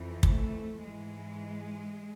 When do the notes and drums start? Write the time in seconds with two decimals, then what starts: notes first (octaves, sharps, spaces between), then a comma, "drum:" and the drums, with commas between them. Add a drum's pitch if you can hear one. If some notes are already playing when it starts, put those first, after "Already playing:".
Already playing: F2 E3
0.23 A3, drum: kick
0.82 G#2 E3 G#3